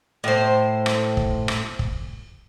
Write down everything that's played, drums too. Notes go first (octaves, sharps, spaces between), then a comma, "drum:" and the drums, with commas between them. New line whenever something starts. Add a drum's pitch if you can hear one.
A2 C5
drum: rim click
drum: kick
drum: rim click
drum: kick